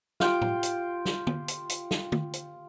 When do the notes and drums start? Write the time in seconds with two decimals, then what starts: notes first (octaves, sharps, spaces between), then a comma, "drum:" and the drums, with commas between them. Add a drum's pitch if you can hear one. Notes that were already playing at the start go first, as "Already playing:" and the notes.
0.20 F4 G4 G5, drum: snare
0.42 drum: tom A2
0.63 drum: hi-hat
1.06 drum: snare
1.27 drum: tom
1.48 drum: hi-hat
1.70 drum: hi-hat
1.91 drum: snare
2.12 drum: tom
2.33 drum: hi-hat